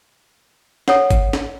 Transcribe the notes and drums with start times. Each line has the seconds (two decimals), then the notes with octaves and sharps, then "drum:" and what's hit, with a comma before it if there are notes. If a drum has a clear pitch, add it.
0.88 A4 C#5 F#5, drum: snare
1.11 drum: kick, hi-hat
1.33 drum: snare